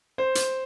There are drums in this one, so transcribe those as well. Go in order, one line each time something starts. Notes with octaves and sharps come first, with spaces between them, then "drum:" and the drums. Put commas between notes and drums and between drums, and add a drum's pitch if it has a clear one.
C5
drum: hi-hat